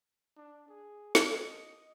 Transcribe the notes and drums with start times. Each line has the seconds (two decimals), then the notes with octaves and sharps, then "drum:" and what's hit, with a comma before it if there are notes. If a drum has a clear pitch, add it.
0.37 D4
0.68 G#4
1.15 D#5, drum: snare